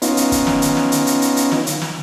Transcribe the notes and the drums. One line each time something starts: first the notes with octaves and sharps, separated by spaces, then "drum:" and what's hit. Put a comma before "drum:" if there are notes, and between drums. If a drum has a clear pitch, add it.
B3 C#4 D#4 F4, drum: hi-hat
drum: hi-hat
drum: kick, hi-hat
drum: snare
drum: hi-hat
drum: snare
drum: hi-hat
drum: hi-hat
drum: hi-hat
drum: hi-hat
drum: snare
drum: hi-hat
drum: snare